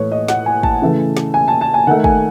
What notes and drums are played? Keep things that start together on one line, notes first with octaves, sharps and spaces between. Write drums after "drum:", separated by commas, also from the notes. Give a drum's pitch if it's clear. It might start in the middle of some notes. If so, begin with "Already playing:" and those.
Already playing: A2 E3 A3 B4 C#5
D#5
F#5, drum: snare
G#5
A5, drum: kick
C#3 E3 A3
drum: snare
G#5
A5
A5
G#5
D#3 A3 F#5
G#5, drum: kick